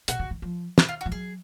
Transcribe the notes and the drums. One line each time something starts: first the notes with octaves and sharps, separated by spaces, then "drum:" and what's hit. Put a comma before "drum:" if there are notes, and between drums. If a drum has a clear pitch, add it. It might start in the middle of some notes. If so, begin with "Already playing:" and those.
B2 F#4, drum: hi-hat
C#3
D#3
F3
E4, drum: snare
F4
F#4
F3
F#3 G#4